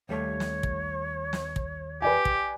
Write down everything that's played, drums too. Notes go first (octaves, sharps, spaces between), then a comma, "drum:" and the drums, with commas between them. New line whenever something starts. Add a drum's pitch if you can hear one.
D#2 G3 A3 C#5
drum: snare
drum: kick
drum: snare
drum: kick
G4 B4 D5 G#5
drum: kick